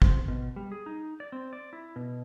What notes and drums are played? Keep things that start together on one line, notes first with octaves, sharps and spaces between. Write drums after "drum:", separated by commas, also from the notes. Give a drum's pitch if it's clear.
C4, drum: kick
B2
G3
G#4
D#4
D5
C4
D5
E4
B2